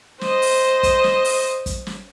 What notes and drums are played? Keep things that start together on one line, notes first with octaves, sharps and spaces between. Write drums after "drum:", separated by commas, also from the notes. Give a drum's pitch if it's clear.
C5 D#5, drum: snare
drum: open hi-hat
drum: kick, hi-hat
drum: snare
drum: open hi-hat
drum: kick, hi-hat
drum: snare